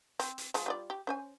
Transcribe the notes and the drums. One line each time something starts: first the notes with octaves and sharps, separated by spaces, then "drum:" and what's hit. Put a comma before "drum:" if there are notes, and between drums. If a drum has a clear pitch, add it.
C4, drum: hi-hat
drum: hi-hat
F3 G#3, drum: hi-hat
G3 F4 D5
G4
C#4 C5 G#5